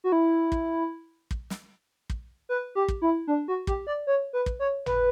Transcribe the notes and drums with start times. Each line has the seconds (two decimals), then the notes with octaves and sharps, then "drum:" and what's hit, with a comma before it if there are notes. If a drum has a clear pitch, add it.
0.04 F#4
0.12 E4
0.52 drum: kick
1.31 drum: kick
1.50 drum: snare
2.10 drum: kick
2.49 B4
2.75 G4
2.88 drum: kick
3.02 E4
3.28 D4
3.48 F#4
3.67 G4, drum: kick
3.87 D5
4.07 C#5
4.33 B4
4.46 drum: kick
4.59 C#5
4.86 B4, drum: tom